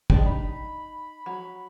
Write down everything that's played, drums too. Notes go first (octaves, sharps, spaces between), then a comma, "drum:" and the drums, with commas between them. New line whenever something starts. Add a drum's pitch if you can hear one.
G#3 D4 G4, drum: kick
D#4 B5
F#3